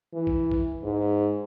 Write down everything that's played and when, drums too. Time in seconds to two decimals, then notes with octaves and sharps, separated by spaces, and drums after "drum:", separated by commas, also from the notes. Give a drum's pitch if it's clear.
0.13 E3
0.27 drum: kick
0.52 drum: kick
0.83 G#2